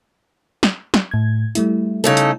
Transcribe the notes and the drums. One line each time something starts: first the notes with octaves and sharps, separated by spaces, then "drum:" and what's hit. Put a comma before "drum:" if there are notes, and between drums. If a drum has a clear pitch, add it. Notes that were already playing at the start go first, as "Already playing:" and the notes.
drum: snare
drum: snare
A2 G#6
G3 A3 E4, drum: hi-hat
C#3 D#4 A4
drum: hi-hat